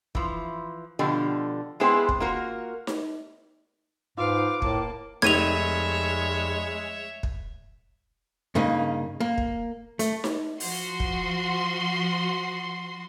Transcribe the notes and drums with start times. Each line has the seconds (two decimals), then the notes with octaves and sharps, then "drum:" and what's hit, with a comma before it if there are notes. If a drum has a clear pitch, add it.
0.15 E3 F3, drum: kick
0.99 B2 D3 F3 G4
1.80 G#3 B3 C4 E4 G#4 C5
2.09 drum: kick
2.20 A#3 F4 F#4 A#4
2.87 drum: snare D#4
4.17 G#2 F4 B4 F5 D6
4.62 A2 A#3 A5, drum: kick
5.22 F1 G#3 C#5 E5 G#6 D#7 F7, drum: snare D#4
7.23 drum: kick
8.55 G2 C#3 A#3 D#4
9.20 A#3
9.38 drum: kick
9.99 A3, drum: hi-hat
10.24 drum: snare D#4
10.60 F3 F#4 C6, drum: open hi-hat
11.00 drum: kick